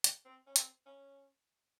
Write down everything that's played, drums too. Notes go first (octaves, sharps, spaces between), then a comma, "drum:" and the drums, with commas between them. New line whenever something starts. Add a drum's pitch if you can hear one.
drum: hi-hat
C4
C#4
C4, drum: hi-hat
C#4